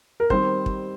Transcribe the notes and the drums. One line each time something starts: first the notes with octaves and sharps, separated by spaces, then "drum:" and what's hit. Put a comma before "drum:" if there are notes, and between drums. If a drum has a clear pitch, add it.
A#4
D#3 G3 C4 C5, drum: kick
drum: kick